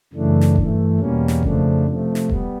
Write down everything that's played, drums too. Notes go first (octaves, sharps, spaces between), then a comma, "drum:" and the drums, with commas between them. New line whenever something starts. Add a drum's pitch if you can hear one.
F#2 C#3 E3 A3 D4
drum: snare
G2 E3 A3, drum: kick D#1
E2 B2 G3 A#3 C#4
drum: snare
F2 C#3 F3 A3 D4, drum: kick D#1
C3 F3 A3
drum: snare
G3 B3, drum: kick D#1